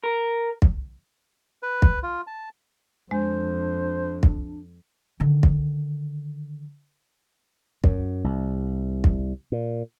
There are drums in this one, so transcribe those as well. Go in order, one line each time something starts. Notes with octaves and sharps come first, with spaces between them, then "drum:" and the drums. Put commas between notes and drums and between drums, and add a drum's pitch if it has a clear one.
A#4
drum: kick
B4
drum: kick
F4
A5
F2 G#3 D4 C5
drum: kick
D3 D#3
drum: kick
F#2, drum: kick
C2
drum: kick
A#2